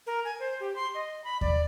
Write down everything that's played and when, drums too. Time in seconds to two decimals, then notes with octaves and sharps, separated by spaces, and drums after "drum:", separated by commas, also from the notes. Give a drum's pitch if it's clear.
0.07 A#4
0.25 G#5
0.40 C5
0.60 G4
0.76 C6
0.95 D#5
1.24 B5
1.41 D5, drum: kick D#2